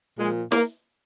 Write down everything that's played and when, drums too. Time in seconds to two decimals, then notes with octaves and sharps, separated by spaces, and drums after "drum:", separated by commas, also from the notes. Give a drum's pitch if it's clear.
0.18 A#2 F3 G#3
0.52 A#3, drum: snare